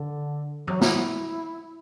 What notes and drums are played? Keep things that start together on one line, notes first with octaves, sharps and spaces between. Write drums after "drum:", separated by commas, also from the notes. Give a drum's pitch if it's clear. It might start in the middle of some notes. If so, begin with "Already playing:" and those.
Already playing: D3
F#3, drum: tom G2
E4, drum: snare